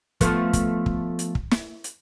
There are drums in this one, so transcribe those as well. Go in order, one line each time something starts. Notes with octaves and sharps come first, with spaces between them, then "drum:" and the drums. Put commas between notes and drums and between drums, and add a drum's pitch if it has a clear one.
F3 A3 B3, drum: kick, hi-hat
drum: kick, hi-hat
drum: kick
drum: hi-hat
drum: kick
drum: snare
drum: hi-hat